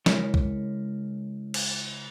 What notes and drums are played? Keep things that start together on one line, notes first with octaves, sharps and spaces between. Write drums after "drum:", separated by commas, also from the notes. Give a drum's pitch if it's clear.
C#3 G#3 E4 A#4 C#5, drum: snare
drum: kick B1
drum: cymbal